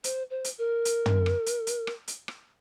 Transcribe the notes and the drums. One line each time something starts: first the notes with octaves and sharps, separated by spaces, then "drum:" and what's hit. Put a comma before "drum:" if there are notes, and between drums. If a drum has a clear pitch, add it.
C5, drum: hi-hat
C5
drum: hi-hat
A#4
drum: hi-hat
drum: tom
drum: rim click
drum: hi-hat
drum: hi-hat
drum: rim click
drum: hi-hat
drum: rim click